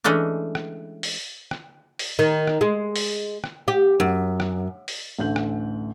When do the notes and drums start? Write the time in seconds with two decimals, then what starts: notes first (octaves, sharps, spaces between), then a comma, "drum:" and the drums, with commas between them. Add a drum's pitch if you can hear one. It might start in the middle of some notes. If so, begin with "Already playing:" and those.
0.04 E3 G#3 A3 C#4 D4
0.55 drum: rim click
1.03 drum: open hi-hat
1.51 drum: rim click
1.99 drum: open hi-hat
2.19 D#3
2.47 drum: rim click
2.61 G#3
2.96 drum: open hi-hat
3.44 drum: rim click
3.68 G4
4.00 F#2
4.40 drum: rim click
4.88 drum: open hi-hat
5.19 A1 D2 G6 F#7
5.36 drum: rim click